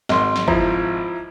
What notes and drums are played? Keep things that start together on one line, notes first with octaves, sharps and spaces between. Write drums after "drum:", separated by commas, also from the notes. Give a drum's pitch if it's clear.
G#1 C6, drum: snare
drum: snare
F3 E4 A#5, drum: kick